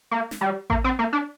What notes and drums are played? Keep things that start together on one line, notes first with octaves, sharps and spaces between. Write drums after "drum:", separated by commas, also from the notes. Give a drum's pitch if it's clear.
A#3
drum: snare
G3
A#3, drum: kick A1
C4
A#3
D4